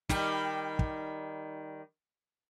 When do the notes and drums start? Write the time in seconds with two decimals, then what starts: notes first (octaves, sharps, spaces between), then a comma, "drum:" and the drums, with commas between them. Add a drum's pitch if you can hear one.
0.09 D#3 G3, drum: snare
0.79 drum: kick